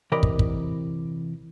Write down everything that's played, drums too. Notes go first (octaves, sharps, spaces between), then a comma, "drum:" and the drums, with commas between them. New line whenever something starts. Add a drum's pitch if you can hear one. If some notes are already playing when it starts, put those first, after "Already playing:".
C3 E3 A#4 D5 D#5 B5
drum: kick
drum: kick